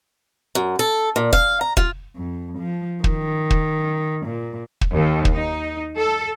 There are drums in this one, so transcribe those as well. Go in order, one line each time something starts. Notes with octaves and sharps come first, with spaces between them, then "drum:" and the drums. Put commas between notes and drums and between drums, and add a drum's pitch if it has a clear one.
F#2
A4
A#2
F5, drum: kick
A#5
F4, drum: kick
F2
F3
D#3, drum: kick
drum: kick
A#2
drum: kick
D#2
drum: kick
D#4
A4